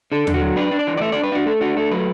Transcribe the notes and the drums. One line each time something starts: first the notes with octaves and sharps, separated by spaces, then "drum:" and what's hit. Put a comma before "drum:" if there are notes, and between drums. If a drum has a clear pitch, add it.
D3 A4
D3, drum: tom D#2
F#4
F#3
D4 B4
D4
D5
E3
D5
A3 E5
D4 D5
B4
D4 F#4
A3 A4
D4 F#4
A3 A4
F#3 B4